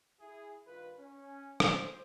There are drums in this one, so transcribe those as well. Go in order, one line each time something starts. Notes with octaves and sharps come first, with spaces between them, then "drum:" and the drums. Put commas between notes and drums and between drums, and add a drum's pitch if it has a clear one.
E4 G#4
G2 D#3 F4 B4
C#4
C5, drum: rim click